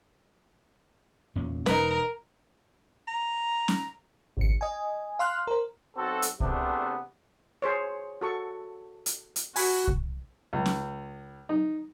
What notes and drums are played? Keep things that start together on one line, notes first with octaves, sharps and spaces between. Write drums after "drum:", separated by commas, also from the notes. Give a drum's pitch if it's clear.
E2 A#2 C#4
E1 D#4 A#4 B4, drum: snare C#4
A#5
drum: snare C#4
G#1 C#2 C#7
D#5 G#5
F5 C6 F6 F#6
A#4 C5
B1 C4 F#4 A4
drum: hi-hat
E2 C3 A3 B3 C4 D4, drum: kick C2
G#4 C5 C#5
F#4 A4 C#6
drum: hi-hat
drum: hi-hat
F#4 G#5 B5, drum: open hi-hat
drum: kick C2
C#2
drum: snare C#4
D#4